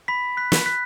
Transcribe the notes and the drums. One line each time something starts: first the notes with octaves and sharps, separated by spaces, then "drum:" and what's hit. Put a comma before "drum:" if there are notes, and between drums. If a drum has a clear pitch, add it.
B5 B6
F#6 B6
drum: snare
F#6 B6